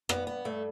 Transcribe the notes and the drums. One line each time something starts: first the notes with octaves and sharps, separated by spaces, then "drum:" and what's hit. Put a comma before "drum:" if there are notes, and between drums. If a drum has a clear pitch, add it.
G2 B3, drum: rim click
B3
G2 A3